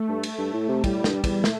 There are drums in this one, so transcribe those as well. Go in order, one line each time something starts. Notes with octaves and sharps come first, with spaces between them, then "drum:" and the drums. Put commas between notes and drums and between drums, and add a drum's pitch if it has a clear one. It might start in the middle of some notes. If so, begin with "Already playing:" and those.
Already playing: A3
G2
drum: cymbal
G2
A2
C3
A2 G3, drum: kick, cymbal
G2, drum: snare
G3
E2, drum: kick, cymbal
A3, drum: snare